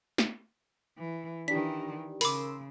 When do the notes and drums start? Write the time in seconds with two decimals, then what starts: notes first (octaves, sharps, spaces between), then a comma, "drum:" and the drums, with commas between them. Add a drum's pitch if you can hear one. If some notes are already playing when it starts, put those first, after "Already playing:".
0.18 drum: snare
0.98 E3
1.48 D#3 E3 D4 G4 B6
2.21 C#3 A#4 B5 C6 D6 E6, drum: open hi-hat